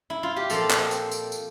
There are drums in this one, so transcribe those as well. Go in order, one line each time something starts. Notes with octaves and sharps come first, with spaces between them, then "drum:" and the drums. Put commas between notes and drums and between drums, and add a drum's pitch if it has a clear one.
E4
F4
G4
A#2 F3 C4 A4, drum: tambourine
drum: clap
drum: tambourine
drum: tambourine
drum: tambourine